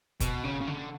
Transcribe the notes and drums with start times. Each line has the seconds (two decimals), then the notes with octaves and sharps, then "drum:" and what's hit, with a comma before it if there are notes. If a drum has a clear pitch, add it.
0.20 B2, drum: kick F#1, hi-hat
0.44 C#3
0.61 C#3
0.67 D3